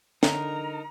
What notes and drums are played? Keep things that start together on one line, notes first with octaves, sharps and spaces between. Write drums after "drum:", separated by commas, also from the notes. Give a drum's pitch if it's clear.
D3 D#4 A#4 A#5, drum: snare